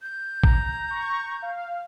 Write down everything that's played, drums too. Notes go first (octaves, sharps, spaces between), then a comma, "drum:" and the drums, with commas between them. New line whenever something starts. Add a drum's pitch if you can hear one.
G6
A#5, drum: kick A1
C#6
F5